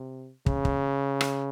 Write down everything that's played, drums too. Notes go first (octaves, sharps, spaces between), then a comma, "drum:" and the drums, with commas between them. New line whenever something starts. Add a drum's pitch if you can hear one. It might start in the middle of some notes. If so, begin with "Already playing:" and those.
Already playing: C3
C#3, drum: kick
drum: kick
drum: rim click